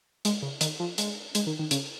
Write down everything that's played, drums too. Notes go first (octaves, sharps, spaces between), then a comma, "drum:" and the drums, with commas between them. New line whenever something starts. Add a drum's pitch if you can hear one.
G#3, drum: hi-hat
C#3
D#3, drum: hi-hat
F3
G#3, drum: hi-hat
G#3, drum: hi-hat
D#3
D#3
C#3, drum: hi-hat